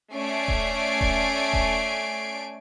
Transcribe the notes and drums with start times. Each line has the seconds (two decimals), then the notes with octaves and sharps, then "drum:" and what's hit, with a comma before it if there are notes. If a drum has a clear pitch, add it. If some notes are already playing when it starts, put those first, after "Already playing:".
0.13 A3 C#4 D5 G#5 C7 D7
0.48 drum: kick D#1
1.01 drum: kick D#1
1.53 drum: kick D#1